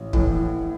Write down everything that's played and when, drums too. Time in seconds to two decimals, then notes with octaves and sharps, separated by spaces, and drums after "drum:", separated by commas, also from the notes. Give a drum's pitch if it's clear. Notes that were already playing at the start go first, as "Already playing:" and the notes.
Already playing: A1
0.13 A2 E3, drum: kick